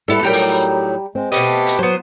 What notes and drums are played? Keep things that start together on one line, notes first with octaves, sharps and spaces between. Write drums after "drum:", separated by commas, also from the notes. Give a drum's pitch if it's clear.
G3 B3 E4 A4 E5
A2 F#3 G3 D#4 G4 A#4 G5 A#5
drum: open hi-hat
G#3 C4
B2 A3 G4 B4 D#5 G5, drum: hi-hat
drum: hi-hat
F#3 B3 C5